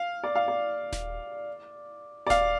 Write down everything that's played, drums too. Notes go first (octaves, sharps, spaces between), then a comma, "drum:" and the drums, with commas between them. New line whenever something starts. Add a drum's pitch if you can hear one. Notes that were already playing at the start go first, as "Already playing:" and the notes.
Already playing: F5
D5
F5
D5
drum: snare D#1
D5
F5, drum: snare D#1